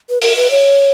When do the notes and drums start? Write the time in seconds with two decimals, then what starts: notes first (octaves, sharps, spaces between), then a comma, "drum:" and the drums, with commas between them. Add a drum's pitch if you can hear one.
0.10 B4
0.22 A#4, drum: open hi-hat
0.36 B4
0.51 C#5